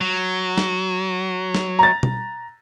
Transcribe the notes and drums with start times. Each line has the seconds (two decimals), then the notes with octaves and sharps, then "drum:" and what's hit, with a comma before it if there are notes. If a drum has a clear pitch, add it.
0.01 F#3
0.58 drum: snare
1.55 drum: snare
1.79 A#5 A6
2.03 drum: tom B2